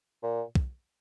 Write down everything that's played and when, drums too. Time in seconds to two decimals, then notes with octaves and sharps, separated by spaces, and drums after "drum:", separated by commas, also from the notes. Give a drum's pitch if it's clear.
0.23 A#2
0.55 drum: kick